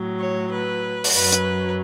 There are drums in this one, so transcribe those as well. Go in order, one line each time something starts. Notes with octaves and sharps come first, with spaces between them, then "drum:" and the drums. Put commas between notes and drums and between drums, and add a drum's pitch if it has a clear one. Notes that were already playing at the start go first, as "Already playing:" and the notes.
Already playing: A2 F#3
C#5
B4
drum: open hi-hat
F#2 F#3 B4
drum: hi-hat